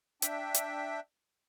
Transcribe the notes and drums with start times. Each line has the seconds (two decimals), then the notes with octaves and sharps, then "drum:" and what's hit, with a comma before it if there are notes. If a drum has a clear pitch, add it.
0.22 D4 E5 G5, drum: hi-hat
0.54 drum: hi-hat